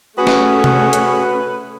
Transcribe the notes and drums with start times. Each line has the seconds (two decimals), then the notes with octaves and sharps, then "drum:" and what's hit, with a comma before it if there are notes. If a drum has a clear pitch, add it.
0.18 A3 C#4 F#4 G#4 B4
0.27 drum: snare
0.64 drum: tom C3
0.93 drum: hi-hat